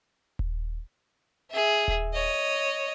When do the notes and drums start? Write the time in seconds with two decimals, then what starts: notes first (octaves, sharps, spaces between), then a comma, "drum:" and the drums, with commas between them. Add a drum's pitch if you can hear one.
0.39 drum: kick D#1
1.51 G#4 E5
1.88 drum: kick D#1
2.13 C#5 D#5